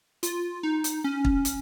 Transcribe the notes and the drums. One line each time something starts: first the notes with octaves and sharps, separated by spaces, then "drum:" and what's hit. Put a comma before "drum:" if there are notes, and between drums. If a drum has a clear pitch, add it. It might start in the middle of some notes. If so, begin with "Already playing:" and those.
F4, drum: hi-hat
D#4
drum: hi-hat
C#4
drum: kick
drum: hi-hat